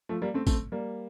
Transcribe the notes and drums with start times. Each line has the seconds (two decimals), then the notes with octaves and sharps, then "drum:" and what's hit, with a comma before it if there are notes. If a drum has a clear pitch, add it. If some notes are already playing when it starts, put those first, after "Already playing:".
0.09 F3 A3
0.22 G3 A#3
0.34 A3 C4
0.47 A3 C4, drum: kick, tambourine
0.72 G3 A#3